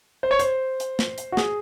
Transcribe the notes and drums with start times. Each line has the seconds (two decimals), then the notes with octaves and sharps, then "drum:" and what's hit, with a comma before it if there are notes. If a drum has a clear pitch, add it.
0.23 C5
0.31 C#5
0.39 C5, drum: hi-hat
0.80 drum: hi-hat
0.99 drum: snare
1.18 drum: hi-hat
1.32 F#4
1.37 G#4, drum: snare